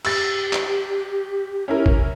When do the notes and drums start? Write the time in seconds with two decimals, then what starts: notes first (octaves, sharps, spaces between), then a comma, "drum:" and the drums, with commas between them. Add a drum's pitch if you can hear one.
0.05 G4 E6 A6, drum: cymbal
0.53 drum: clap
1.68 C#4 E4 A#4
1.86 drum: kick G#1